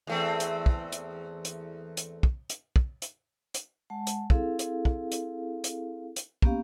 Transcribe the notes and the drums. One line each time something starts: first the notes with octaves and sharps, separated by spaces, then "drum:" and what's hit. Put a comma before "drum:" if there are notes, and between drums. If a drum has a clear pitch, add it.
E2 A3 C4
drum: hi-hat
drum: kick
drum: hi-hat
drum: hi-hat
drum: hi-hat
drum: kick
drum: hi-hat
drum: kick
drum: hi-hat
drum: hi-hat
G#3 F#5 A5
drum: hi-hat
C4 E4 G#4 A4 F5, drum: kick
drum: hi-hat
drum: kick
drum: hi-hat
drum: hi-hat
drum: hi-hat
A#3 B3 C#4 G4 F5, drum: kick